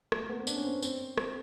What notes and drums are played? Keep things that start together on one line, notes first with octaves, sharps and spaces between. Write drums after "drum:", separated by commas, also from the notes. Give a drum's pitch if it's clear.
A3, drum: rim click
A#3
B3
C4
D4, drum: tambourine
C#4
C4
B3
C4, drum: tambourine
C4, drum: rim click